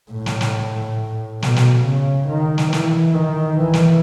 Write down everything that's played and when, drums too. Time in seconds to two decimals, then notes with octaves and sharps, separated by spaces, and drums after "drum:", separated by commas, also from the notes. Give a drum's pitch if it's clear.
0.12 A2
0.26 drum: snare
0.41 drum: snare
1.42 B2, drum: snare
1.56 drum: snare
1.86 C#3
2.29 D#3
2.58 drum: snare
2.73 E3, drum: snare
3.15 D#3
3.59 E3
3.73 drum: snare